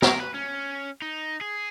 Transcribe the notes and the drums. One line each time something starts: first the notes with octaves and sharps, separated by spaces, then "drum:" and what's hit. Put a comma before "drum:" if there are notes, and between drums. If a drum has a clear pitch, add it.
A#4, drum: snare
B4
C#4
D#4
G#4